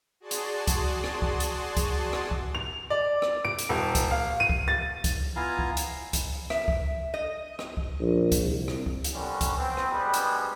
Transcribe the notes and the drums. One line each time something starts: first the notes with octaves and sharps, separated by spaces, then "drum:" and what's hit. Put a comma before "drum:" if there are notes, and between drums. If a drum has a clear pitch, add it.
F#4 G#4 D5 A5 C6
drum: hi-hat
drum: kick C#2, hi-hat
drum: rim click
drum: kick C#2
drum: hi-hat
drum: kick C#2, hi-hat
drum: rim click
drum: kick C#2
F7
D5
drum: rim click
D7
drum: hi-hat
D#1
drum: kick C#2, hi-hat
F5
D#7
drum: kick C#2
A6
drum: kick C#2, hi-hat
B3 E4 F4 F5 G#5 A#5
drum: kick C#2
drum: hi-hat
drum: kick C#2, hi-hat
E5, drum: rim click
drum: kick C#2
D#5
drum: rim click
drum: kick C#2
A#1
drum: kick C#2, hi-hat
C2
drum: rim click
drum: kick C#2
drum: hi-hat
A#1 B2 D3 G3 C#4 F#4
drum: kick C#2, hi-hat
B3 C4
drum: rim click
D2 B2 G3 G#3 B3 B4
drum: hi-hat